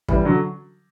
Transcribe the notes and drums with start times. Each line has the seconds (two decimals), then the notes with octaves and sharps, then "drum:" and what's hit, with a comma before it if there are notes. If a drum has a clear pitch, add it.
0.08 E3 G3, drum: kick
0.25 D3 F#3